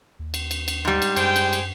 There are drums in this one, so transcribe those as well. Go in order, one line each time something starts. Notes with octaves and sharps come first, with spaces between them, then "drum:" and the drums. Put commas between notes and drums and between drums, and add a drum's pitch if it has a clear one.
D#2
drum: cymbal
drum: cymbal
drum: cymbal
G#2 G3
drum: cymbal
F#2 G#4 C5 G5, drum: cymbal
drum: cymbal
drum: cymbal